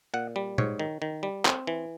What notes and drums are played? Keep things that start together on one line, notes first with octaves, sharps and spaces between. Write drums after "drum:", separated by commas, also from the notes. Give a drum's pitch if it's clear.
A#2 F#5
G3
G#2 C#5, drum: tom A#2
D#3
D#3
G3
C4, drum: clap
E3